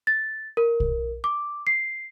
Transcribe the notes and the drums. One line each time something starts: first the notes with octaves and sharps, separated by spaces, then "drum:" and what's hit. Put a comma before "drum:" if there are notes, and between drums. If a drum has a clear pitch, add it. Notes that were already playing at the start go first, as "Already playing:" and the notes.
A6
A#4
drum: kick
D6
C7